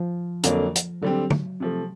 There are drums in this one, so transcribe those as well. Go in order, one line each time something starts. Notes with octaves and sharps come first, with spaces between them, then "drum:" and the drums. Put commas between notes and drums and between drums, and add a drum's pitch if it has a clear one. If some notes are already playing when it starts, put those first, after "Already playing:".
Already playing: F3
F2 D3 F#3 A#3, drum: hi-hat
drum: hi-hat
D3 F#3 G3 C4
drum: tom
C3 F3 A3